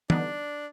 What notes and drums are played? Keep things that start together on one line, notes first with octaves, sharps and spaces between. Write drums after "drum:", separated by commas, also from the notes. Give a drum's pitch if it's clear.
D3 G3 B3 D4 D#4, drum: tom